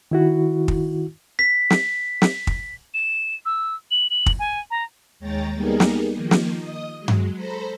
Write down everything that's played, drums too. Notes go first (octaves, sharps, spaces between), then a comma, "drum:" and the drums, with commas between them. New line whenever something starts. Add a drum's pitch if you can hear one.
D#3 E4 F#4
drum: kick
B6
drum: snare
drum: snare
drum: kick
E7
E6
F#7
F#7
drum: kick
G#5
A#5
D#2 G#3 C#5 G5 A#5 A6
G3 A#3 B3 D#4 G#4 A#4
drum: snare
D#3 F3 A#3
drum: snare
D#5 D#6
F#3 G#3
drum: tom G2
A4 C5 A#5 B5